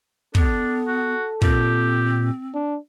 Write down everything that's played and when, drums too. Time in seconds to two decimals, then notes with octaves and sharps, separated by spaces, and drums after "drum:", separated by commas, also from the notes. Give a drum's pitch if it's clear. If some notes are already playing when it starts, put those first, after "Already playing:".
0.35 B3 D4 A4, drum: kick
0.87 F#4
1.42 A#2 C4 G4, drum: kick
2.54 D4